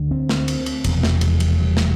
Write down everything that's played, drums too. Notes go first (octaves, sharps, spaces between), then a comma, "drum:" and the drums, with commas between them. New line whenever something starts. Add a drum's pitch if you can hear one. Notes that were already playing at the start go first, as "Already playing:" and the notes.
Already playing: D2 D3
C4
drum: snare
drum: cymbal
drum: cymbal
F1 E2 B2 B3, drum: cymbal
A#3, drum: snare
G#3, drum: cymbal
G3, drum: cymbal
G#3
G3
drum: snare